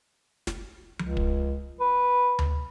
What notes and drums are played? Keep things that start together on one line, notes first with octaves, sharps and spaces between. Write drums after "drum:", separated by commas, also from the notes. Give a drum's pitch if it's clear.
drum: snare
C#2, drum: tom F3
drum: kick
B4
drum: tom D2